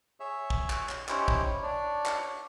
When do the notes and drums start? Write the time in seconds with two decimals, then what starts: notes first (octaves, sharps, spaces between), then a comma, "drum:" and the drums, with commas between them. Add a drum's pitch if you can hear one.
0.20 G#4 C#5 E5
0.50 drum: kick
0.70 drum: clap
0.89 drum: clap
1.09 C#4 D#4 E4 G4 C5 C#5, drum: clap
1.28 drum: kick
1.63 D4 C#5 D5
2.06 drum: clap